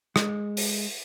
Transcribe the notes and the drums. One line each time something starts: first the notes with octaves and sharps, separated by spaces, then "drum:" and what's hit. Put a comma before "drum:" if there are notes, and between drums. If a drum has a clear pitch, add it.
G#3, drum: rim click
drum: open hi-hat